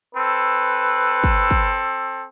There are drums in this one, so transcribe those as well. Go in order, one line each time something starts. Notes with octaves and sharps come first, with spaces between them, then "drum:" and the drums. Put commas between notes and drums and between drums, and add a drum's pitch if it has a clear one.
C4 A4 B4
drum: kick
drum: kick